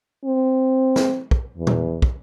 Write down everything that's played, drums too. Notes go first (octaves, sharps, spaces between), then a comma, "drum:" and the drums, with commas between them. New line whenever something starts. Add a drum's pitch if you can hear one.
C4
drum: snare
drum: kick
E2
drum: tom
drum: kick